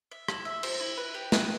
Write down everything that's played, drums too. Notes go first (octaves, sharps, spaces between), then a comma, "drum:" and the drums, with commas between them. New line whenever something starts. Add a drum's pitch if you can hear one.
E5
E4, drum: rim click
E5
C5, drum: cymbal
E4
B4
G4
B4, drum: snare